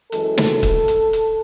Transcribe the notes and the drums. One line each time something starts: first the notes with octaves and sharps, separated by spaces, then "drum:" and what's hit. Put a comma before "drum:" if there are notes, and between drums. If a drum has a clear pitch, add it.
F#2 E3 G#3 A4, drum: hi-hat
drum: snare
drum: kick, hi-hat
drum: hi-hat
drum: hi-hat